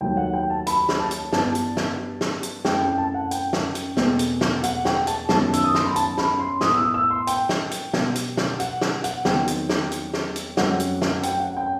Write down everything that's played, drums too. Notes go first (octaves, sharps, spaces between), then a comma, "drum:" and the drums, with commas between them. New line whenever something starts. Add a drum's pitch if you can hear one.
D#2 D#3 F#3 A3 G5
F#5
G5
A5
B5, drum: hi-hat
drum: snare
A5
drum: hi-hat
G2 E3 B3 A5, drum: snare
drum: hi-hat
drum: snare
drum: snare
drum: hi-hat
F#2 E3 A3 C4 G5, drum: snare
G5
A5
F#5
G5, drum: hi-hat
drum: snare
drum: hi-hat
E2 B2 A3 C4, drum: snare
drum: hi-hat
drum: snare
F#5, drum: hi-hat
G5, drum: snare
A5, drum: hi-hat
F#2 D#3 F#3 B3 A5, drum: snare
E6, drum: hi-hat
D#6
C6, drum: snare
B5
A5, drum: hi-hat
B5, drum: snare
C6
A2 E3 B3 D#6, drum: snare
E6
D#6
E6
C6
G5, drum: hi-hat
drum: snare
drum: hi-hat
B2 G3 B3, drum: snare
drum: hi-hat
drum: snare
F#5, drum: hi-hat
drum: snare
F#5, drum: hi-hat
E2 D#3 F#3 C4 G5, drum: snare
drum: hi-hat
drum: snare
drum: hi-hat
drum: snare
drum: hi-hat
F#2 F#3 A3 C4 F#5, drum: snare
drum: hi-hat
drum: snare
G5, drum: hi-hat
F#5
G5